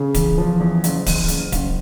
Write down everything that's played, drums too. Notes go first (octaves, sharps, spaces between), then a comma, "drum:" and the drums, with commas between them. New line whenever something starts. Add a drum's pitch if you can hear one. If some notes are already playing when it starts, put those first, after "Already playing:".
Already playing: C#3
E2, drum: kick D1, hi-hat
F3
E2
F#1, drum: hi-hat
E2, drum: kick D1, open hi-hat
F#1, drum: hi-hat
F#1, drum: kick D1, hi-hat